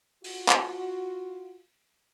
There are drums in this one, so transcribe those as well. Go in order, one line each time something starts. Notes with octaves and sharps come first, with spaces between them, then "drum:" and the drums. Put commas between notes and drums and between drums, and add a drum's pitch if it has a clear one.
F4 F#4, drum: open hi-hat
drum: clap